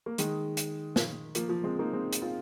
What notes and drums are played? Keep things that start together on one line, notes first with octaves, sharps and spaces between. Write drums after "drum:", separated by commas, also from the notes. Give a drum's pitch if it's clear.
A#3
D#3 G#3, drum: hi-hat
drum: hi-hat
drum: snare
F3 A#3, drum: hi-hat
F3 A#3
G#3 C4
A#3 D#4
G#3 C4
drum: hi-hat
C4 F4